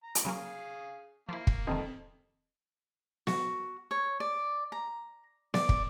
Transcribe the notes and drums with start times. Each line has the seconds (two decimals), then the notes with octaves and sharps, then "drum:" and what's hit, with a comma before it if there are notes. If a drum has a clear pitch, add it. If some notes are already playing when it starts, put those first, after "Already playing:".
0.04 A#5
0.15 drum: hi-hat
0.25 C#3 F#3 A#3 G#4 F5
1.29 F3 A#3 E4
1.47 drum: kick
1.67 F2 G#2 C3 D#3
3.27 F#4, drum: snare B3
3.91 C#5
4.20 D5
4.72 A#5
5.54 D5, drum: snare B3
5.69 drum: kick